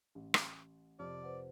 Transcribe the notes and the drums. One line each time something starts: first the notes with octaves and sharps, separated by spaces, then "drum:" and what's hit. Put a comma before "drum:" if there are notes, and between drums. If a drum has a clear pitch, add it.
A1
drum: rim click
F2 C3 G4 D5 F6
B4 C5 F#5